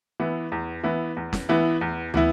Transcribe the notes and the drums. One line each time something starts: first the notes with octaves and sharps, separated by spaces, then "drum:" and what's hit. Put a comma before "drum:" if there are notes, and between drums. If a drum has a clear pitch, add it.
E3 B3 E4
E2
E3 B3 E4
E2
drum: snare
E3 B3 E4
E2
E3 B3 E4, drum: tom